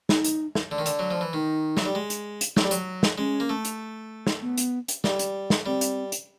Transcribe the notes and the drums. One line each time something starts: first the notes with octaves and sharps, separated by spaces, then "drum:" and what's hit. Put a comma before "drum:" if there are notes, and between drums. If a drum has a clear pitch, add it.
D#4, drum: snare
drum: hi-hat
drum: snare
D3
D#3
D3, drum: hi-hat
F#3
F3
E3
D#3 D#4
F#3, drum: snare
G3
G#3
drum: hi-hat
drum: hi-hat
F#3, drum: snare
G3
F#3, drum: hi-hat
drum: snare
G#3 C#4
A#3
A3
drum: hi-hat
drum: snare
B3
drum: hi-hat
drum: hi-hat
G3, drum: snare
drum: hi-hat
drum: snare
G3 C4
drum: hi-hat
drum: hi-hat